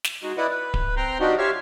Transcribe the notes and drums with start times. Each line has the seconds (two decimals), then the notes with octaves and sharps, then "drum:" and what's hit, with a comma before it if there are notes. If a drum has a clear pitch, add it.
0.04 drum: snare
0.23 G#3 D#4 F#4
0.37 E4 B4 D5 D#5 F#5
0.50 B4
0.74 drum: kick D1
0.97 C4 G5 A#5 C6
1.20 F3 D4 D#4 F#4 G4
1.38 F4 G4 C#5 E5 F5